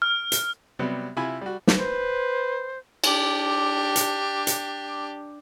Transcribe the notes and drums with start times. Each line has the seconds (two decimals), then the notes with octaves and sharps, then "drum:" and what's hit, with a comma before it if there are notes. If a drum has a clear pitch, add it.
0.02 F6
0.32 drum: hi-hat
0.79 C3 F#3 G3 B3
1.16 C3 E4 F4 G#5 B5
1.41 G3 F#4
1.67 drum: snare
1.78 B4 C5
3.04 D4 G4, drum: cymbal
3.96 drum: hi-hat
4.47 drum: hi-hat